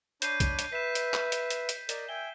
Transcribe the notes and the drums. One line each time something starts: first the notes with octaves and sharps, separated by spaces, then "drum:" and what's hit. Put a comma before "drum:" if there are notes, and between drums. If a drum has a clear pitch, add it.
D4 C#5 B5 G6 C7 D#7, drum: hi-hat
drum: kick B1, hi-hat
drum: hi-hat
B4 E5 B6 E7
drum: hi-hat
drum: clap
drum: hi-hat
drum: hi-hat
drum: hi-hat
A#4 D5 D#5, drum: hi-hat
E5 G5 G#5 G7